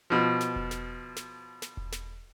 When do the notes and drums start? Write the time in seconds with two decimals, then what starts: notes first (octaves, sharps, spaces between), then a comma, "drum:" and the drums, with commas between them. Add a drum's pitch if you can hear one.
0.10 B2 F3
0.41 drum: snare
0.56 drum: kick E1
0.71 drum: snare
1.16 drum: snare
1.62 drum: snare
1.77 drum: kick E1
1.92 drum: snare